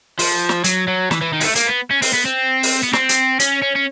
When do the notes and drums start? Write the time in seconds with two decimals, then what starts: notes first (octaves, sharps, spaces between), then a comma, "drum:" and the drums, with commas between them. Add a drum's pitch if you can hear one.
0.19 F3, drum: open hi-hat
0.49 drum: snare
0.64 F#3, drum: hi-hat
0.88 F#3
1.11 E3, drum: snare
1.21 E3
1.33 D#3
1.40 G#3, drum: open hi-hat
1.44 A3
1.55 A#3, drum: hi-hat
1.68 B3
1.91 C#4
2.02 C4, drum: open hi-hat
2.13 B3
2.25 C4
2.63 drum: open hi-hat
2.83 B3
2.93 C4, drum: snare
3.09 drum: hi-hat
3.40 C#4, drum: hi-hat
3.62 C#4
3.76 C#4